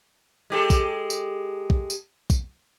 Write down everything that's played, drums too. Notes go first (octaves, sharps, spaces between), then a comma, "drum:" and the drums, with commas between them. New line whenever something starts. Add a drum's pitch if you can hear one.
G#3 G4 A4
drum: kick, tambourine
drum: tambourine
drum: kick
drum: tambourine
drum: kick, tambourine